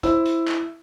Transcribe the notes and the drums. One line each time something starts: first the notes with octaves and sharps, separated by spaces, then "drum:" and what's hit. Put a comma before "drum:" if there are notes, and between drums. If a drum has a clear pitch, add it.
E4 C5 E6, drum: kick, hi-hat
drum: hi-hat
drum: clap